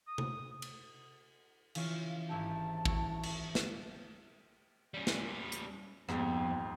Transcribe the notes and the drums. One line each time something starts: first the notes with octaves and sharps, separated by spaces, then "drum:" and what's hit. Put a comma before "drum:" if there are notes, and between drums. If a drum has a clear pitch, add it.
D#6
drum: tom C3
drum: cymbal
E3 C#4 F4 F5, drum: cymbal
G#1 E4 G4 A5
E4 F#4 C#6, drum: kick
F#7, drum: cymbal
drum: snare
G3 C#4
drum: snare
drum: hi-hat
D#1 F2 G#2 B3 G5, drum: rim click